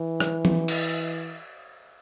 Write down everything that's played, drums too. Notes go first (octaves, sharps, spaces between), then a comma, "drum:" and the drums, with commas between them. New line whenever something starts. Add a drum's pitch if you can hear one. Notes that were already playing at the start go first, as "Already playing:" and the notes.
Already playing: E3
drum: rim click
drum: tom E3
drum: cymbal